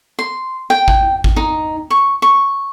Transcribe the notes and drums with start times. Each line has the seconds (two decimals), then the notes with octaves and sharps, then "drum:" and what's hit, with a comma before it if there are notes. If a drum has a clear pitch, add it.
0.19 C6
0.70 G5
0.88 drum: kick G#1
1.24 drum: kick G#1
1.36 D#4
1.90 C#6
2.22 C#6